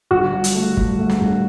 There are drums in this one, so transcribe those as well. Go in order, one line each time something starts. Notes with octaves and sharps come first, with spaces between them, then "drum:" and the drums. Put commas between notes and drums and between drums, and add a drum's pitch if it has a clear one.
G1 F#4
G2
drum: hi-hat
A3
G2, drum: kick
A3
drum: snare
G1